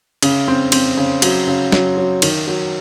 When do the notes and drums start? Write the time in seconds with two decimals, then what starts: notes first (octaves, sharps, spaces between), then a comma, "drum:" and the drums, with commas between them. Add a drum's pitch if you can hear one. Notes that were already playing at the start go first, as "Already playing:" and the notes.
0.22 C#3, drum: cymbal
0.48 C4
0.72 C4, drum: cymbal
0.97 C#3
1.22 F#3, drum: cymbal
1.47 C#3
1.72 F#3, drum: snare
1.97 F#3
2.22 D#3, drum: cymbal
2.47 F#3